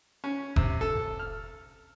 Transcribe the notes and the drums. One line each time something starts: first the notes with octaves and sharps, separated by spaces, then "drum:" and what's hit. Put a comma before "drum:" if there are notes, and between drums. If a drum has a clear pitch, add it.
C#4
C3, drum: kick F1
A4
F6